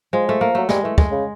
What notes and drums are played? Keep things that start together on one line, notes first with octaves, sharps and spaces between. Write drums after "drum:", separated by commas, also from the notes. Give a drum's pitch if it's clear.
F3 G#3
F3 A3
A#3
F#3 A3
G3 G#3, drum: snare
E3 A3
G#3, drum: kick
C#3